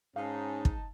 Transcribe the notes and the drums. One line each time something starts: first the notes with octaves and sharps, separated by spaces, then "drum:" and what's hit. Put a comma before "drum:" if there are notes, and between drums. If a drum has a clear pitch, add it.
G#2 C#4 D#4 F5 A5
drum: kick